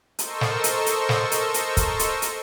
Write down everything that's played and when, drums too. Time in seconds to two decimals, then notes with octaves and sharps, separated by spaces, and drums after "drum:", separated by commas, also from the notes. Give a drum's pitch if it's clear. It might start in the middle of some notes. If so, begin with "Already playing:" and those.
0.19 A4 A#4 C5 D#5 C#6 E6, drum: hi-hat
0.41 drum: snare
0.64 drum: hi-hat
0.86 drum: hi-hat
1.09 drum: snare
1.32 drum: hi-hat
1.54 drum: hi-hat
1.77 drum: kick, hi-hat
1.99 drum: hi-hat
2.22 drum: hi-hat